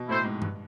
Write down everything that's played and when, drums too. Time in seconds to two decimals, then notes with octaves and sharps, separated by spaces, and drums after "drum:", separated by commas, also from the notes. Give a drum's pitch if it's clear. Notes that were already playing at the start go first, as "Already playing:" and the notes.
Already playing: B2
0.08 A2 E4 A4 C5
0.24 G#2
0.42 G2, drum: tom G2